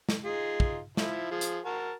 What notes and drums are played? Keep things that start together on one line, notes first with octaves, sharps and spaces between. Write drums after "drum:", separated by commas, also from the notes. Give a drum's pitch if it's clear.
drum: snare
D#4 F4 G#4
drum: kick
F3 E4, drum: snare
F3 G#4
drum: hi-hat
F#4 A#4 A5